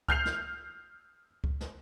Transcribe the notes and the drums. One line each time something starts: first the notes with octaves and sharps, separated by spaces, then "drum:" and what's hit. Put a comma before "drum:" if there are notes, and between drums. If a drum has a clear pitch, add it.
F6 G6 C7 F7, drum: kick C#2
drum: snare
drum: kick C#2
drum: snare